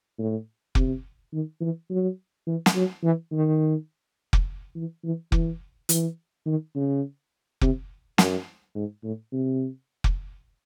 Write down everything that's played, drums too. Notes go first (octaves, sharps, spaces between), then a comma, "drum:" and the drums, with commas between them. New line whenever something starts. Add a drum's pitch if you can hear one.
A2
C3, drum: kick F1
D#3
E3
F#3
E3
drum: snare
F#3
E3
D#3
drum: kick F1
E3
E3
E3, drum: kick F1
E3, drum: hi-hat
D#3
C#3
C3, drum: kick F1
F#2, drum: snare
G#2
A2
C3
drum: kick F1